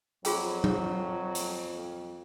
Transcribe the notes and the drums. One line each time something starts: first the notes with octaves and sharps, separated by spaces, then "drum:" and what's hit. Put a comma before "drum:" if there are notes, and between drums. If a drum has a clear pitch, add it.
F2 F#3 F4 G#4 G5, drum: hi-hat
drum: tom F#3
drum: hi-hat